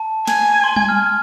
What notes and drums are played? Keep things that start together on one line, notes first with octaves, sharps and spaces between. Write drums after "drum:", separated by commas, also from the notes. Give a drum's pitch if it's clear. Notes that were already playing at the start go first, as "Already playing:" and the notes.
Already playing: A5
G#5, drum: snare
C6
G#6, drum: tom G3
F6